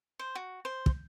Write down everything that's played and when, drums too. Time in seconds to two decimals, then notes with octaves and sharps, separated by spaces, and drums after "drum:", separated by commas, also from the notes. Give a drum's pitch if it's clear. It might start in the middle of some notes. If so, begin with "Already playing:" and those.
0.19 C5
0.35 F#4
0.65 C5
0.86 drum: kick